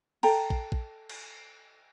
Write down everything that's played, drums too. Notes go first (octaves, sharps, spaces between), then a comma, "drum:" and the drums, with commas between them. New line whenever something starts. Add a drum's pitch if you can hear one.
A4 G5 A#5, drum: cymbal
drum: kick
drum: kick
drum: cymbal